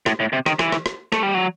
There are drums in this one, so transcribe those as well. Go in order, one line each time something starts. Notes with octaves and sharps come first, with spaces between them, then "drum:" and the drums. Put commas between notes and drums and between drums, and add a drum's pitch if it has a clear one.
A2, drum: rim click
A2
C3
D#3, drum: rim click
E3, drum: rim click
drum: rim click
drum: rim click
A3, drum: rim click
G3
F#3